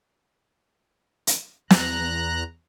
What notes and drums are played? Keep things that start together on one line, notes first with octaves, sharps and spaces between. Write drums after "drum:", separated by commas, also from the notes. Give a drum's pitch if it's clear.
drum: hi-hat
E2 A#5 F#6, drum: snare